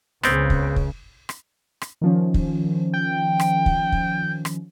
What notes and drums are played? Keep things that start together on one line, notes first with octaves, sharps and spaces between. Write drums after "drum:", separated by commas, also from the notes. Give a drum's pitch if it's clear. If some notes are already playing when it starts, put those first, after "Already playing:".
C#2 C#3 B3 C4, drum: rim click
drum: kick
drum: kick
drum: rim click
drum: rim click
D#3 F3 C#4
drum: kick
G5
drum: rim click
drum: kick
drum: kick
drum: rim click